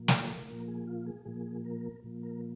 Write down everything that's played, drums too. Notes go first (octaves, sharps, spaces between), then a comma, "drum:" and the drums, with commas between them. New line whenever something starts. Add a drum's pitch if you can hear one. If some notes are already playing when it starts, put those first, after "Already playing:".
Already playing: A#2 F3 A#3
C#5, drum: snare
A#4
A#2 F3 A#3 A#4
G#4
F4
G#4
A#2 F3 A#3 G#4
A#4
A#2 F3 A#3
A#4